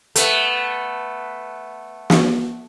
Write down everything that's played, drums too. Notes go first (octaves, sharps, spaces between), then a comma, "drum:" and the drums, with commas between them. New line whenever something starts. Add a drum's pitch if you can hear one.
A3 B3, drum: hi-hat
drum: snare